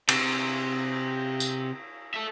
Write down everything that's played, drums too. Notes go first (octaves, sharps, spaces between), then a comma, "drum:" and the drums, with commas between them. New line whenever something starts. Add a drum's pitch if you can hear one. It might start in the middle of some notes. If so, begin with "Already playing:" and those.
C3, drum: cymbal
drum: tambourine
A4 E5